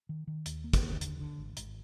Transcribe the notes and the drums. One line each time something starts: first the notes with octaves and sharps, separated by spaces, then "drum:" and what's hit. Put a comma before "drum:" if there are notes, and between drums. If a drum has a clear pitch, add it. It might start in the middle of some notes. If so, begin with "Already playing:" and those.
D#3
D#3
D#2, drum: hi-hat
A#3
drum: kick, hi-hat
D#2
D3, drum: hi-hat
D3
G#1
G#1, drum: hi-hat